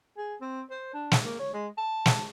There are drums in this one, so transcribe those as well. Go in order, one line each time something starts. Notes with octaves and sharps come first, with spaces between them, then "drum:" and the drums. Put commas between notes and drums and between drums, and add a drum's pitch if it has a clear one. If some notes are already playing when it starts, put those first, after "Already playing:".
G#4
C4
C5
D4
drum: snare
A#3
C#5
G#3
A5
drum: snare